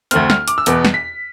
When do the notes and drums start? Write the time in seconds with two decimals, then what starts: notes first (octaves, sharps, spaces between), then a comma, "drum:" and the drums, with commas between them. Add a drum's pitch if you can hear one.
0.11 D2 D3 A3 C4 F6, drum: hi-hat
0.30 F6, drum: snare
0.48 D6, drum: hi-hat
0.58 E6
0.66 E2 B2 B3 D6, drum: hi-hat
0.85 drum: snare
0.94 B6